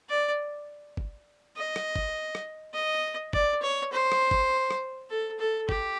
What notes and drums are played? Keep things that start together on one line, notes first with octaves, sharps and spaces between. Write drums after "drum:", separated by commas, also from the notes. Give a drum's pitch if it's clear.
D5
drum: kick
D#5
drum: rim click
drum: kick
drum: rim click
D#5
D5, drum: kick
C#5
C5
drum: rim click
drum: kick
drum: rim click
A4
A4
G4, drum: kick